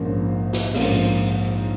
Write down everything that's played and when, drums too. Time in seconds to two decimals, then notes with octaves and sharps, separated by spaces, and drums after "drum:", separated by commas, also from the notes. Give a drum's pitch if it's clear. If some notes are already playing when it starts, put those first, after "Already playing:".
Already playing: A#1 G#2 F3 A#3 C#4
0.53 drum: snare
0.74 A#1 G#2 F3 A#3 C#4, drum: open hi-hat